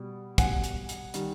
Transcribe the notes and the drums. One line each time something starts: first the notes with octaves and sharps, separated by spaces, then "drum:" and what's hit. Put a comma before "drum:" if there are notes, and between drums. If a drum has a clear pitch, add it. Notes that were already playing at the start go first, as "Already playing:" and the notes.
Already playing: B2 G3
B2 G3 F#5 G#5, drum: kick, hi-hat
drum: hi-hat
drum: hi-hat
D#3 G3, drum: hi-hat